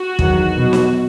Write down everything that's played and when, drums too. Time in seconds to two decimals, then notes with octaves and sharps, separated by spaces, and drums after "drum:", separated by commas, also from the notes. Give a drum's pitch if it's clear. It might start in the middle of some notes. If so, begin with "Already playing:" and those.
Already playing: F#4
0.19 E2 D#3 F#3, drum: kick
0.59 B2 F#3
0.73 drum: snare